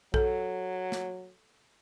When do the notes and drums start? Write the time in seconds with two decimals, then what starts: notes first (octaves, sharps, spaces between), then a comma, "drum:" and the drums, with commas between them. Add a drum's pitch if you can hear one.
0.14 F#3 A4, drum: kick A#1
0.92 drum: snare